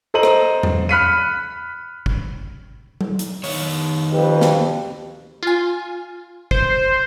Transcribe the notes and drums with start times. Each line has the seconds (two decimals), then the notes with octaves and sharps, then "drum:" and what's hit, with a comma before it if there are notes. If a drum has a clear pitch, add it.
0.14 A4 C5 D#5 A#5 D#7 F#7
0.23 drum: rim click
0.63 drum: tom E2
0.89 B5 F6 F#6 B6 C#7 D#7
2.06 drum: kick
3.01 drum: tom F#3
3.19 drum: hi-hat
3.44 D#3 C#5, drum: open hi-hat
4.12 F2 G4 B4
4.41 drum: snare
5.43 F4 G#5
6.51 C5, drum: kick